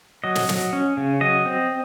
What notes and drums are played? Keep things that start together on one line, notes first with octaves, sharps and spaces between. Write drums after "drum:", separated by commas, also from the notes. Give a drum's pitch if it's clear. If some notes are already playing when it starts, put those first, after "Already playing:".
F#3 D#5
drum: snare
F#3, drum: snare
C#4
C#3
F#3 D#5
C4